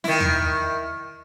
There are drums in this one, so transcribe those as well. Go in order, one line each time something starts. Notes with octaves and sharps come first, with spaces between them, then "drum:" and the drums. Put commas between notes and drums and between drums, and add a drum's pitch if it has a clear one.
D#3 E4, drum: snare
drum: tom